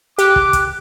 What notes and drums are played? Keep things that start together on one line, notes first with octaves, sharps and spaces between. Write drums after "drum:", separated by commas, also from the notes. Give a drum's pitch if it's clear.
G4 D6 F#6, drum: hi-hat
drum: kick
drum: kick, hi-hat